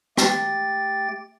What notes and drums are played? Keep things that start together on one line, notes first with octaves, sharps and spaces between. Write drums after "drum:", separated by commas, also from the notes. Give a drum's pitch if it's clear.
A3 G4 G5 A6, drum: rim click